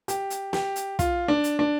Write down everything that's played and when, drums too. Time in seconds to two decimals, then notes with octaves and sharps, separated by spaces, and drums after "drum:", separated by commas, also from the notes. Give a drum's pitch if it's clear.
0.08 G4, drum: hi-hat
0.30 drum: hi-hat
0.53 G4, drum: snare
0.76 drum: hi-hat
0.99 F4, drum: kick, hi-hat
1.28 D4
1.44 drum: hi-hat
1.59 D4